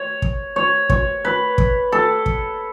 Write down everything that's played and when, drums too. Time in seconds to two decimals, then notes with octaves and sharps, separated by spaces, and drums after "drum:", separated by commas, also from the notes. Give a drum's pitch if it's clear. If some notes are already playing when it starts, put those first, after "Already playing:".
Already playing: C#5
0.22 drum: kick
0.56 C#5
0.90 C#5, drum: kick
1.25 B4
1.58 drum: kick
1.92 A4
2.26 drum: kick